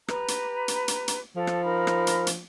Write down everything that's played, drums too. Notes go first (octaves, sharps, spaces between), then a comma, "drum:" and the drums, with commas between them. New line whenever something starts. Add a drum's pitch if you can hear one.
G4 B4 A#5, drum: rim click
drum: hi-hat
drum: hi-hat
drum: hi-hat
drum: hi-hat
F3 A4
drum: rim click
D#4 A#4 B5
drum: rim click
drum: hi-hat
drum: hi-hat